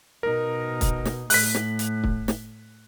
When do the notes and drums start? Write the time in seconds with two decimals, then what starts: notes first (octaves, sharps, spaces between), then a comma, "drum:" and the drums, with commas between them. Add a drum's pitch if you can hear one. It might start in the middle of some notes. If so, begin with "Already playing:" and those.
0.23 B2 D#4 A#4
0.81 drum: kick, hi-hat
1.05 drum: snare
1.30 A2 F#6 B6, drum: open hi-hat
1.55 drum: snare
1.79 drum: hi-hat
2.04 drum: kick
2.28 drum: snare